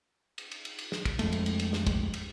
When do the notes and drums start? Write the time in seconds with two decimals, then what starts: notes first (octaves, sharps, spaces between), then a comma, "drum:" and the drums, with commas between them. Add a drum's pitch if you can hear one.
0.38 drum: cymbal
0.51 drum: cymbal
0.65 drum: cymbal
0.78 drum: cymbal
0.92 drum: snare
1.05 drum: kick, cymbal
1.19 F2 G#3 A3, drum: cymbal
1.32 drum: cymbal
1.46 drum: cymbal
1.60 drum: cymbal
1.73 drum: snare
1.87 drum: kick, cymbal
2.14 drum: cymbal